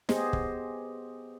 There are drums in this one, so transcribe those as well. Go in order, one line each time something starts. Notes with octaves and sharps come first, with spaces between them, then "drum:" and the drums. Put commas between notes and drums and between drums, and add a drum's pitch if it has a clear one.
B3 G4 G#4 C5 D#5, drum: snare
drum: kick